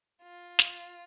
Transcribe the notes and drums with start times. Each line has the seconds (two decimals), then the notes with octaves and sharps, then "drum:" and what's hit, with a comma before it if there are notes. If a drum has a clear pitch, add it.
0.23 F4
0.59 drum: snare